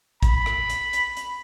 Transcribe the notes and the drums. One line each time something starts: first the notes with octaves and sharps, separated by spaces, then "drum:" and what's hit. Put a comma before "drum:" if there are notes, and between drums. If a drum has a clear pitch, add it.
B5, drum: kick A1, hi-hat
drum: rim click
drum: hi-hat
drum: hi-hat
drum: hi-hat